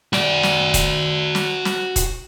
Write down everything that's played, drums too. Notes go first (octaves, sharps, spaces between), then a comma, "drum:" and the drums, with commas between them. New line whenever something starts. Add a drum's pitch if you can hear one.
F#4 D5, drum: snare
drum: snare
drum: kick D#1, hi-hat
drum: snare
drum: snare
drum: kick D#1, hi-hat